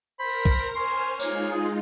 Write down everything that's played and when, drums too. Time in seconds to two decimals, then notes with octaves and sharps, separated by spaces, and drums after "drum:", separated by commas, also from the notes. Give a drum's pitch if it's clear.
0.20 A#4 C5 B5 A#6
0.45 drum: kick B1
0.76 C#4 C5 G#5 C6 F6
1.20 G#3 A#3 D#4 F4 C#5, drum: tambourine
1.51 G#4